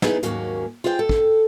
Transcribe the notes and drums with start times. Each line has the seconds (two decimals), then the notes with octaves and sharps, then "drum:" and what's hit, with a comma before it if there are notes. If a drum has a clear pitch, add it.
0.02 B3 D#4 E4 G#4, drum: snare
0.23 D#2 G#2 F#3 A#3 C#4, drum: hi-hat
0.84 F4 G#4 C5 D5 G5
0.99 A4
1.09 drum: kick